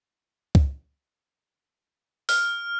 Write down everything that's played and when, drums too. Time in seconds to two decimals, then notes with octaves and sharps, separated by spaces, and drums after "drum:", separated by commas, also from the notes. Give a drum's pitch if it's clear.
0.55 drum: kick
2.29 F6, drum: open hi-hat